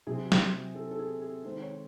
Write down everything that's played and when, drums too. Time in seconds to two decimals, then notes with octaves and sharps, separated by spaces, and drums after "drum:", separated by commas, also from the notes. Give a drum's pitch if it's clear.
0.07 C3 F#3 C4 G#4
0.32 drum: snare
0.75 A4
0.91 A4
0.99 G#4
1.22 G#4
1.44 D#3 G#3 C4 C5
1.62 C#5